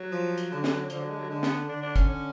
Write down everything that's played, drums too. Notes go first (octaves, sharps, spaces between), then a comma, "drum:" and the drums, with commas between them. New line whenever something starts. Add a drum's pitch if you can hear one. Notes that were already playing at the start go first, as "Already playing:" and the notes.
Already playing: F#3
F3
drum: hi-hat
D3
drum: snare
D3 F3, drum: hi-hat
F#3
G#3
F#3
D3 G#3
B3, drum: snare
D3 D4
D4
C#4, drum: kick, hi-hat
C#4